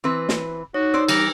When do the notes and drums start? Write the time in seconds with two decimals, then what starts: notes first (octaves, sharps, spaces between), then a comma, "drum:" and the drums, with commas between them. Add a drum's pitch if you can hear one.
0.04 E3 C4 B4
0.29 drum: snare
0.74 D#4 F#4 C#5
0.94 C5 D5 E6
1.09 E3 G3 A#4, drum: cymbal